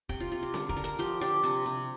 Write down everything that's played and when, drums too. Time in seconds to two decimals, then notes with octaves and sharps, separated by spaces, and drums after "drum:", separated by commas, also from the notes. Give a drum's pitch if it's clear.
0.09 C3 G5, drum: kick
0.20 F4
0.32 C3 F4
0.43 G4
0.54 D3, drum: snare C4
0.69 A#4, drum: kick
0.77 D3
0.84 A#4, drum: hi-hat
0.99 F3 G4
1.21 D4 G4
1.43 C3, drum: hi-hat
1.66 C3